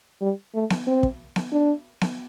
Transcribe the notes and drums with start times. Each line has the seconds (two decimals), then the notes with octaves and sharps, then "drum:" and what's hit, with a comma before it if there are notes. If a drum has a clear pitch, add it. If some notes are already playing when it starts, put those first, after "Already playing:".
0.21 G3
0.54 A3
0.70 drum: snare B3
0.87 C4
1.03 drum: kick
1.36 drum: snare B3
1.52 D4
2.01 drum: snare B3